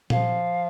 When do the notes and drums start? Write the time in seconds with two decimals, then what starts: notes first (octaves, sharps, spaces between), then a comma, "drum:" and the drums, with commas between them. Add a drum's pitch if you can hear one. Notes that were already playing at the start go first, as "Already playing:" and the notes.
0.10 F3 F5, drum: tom A#2